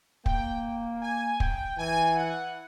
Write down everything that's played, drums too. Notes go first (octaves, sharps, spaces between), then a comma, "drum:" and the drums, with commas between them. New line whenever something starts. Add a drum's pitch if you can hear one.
A#3 G5, drum: kick
G#5
G5, drum: kick
E3 G#5
F#5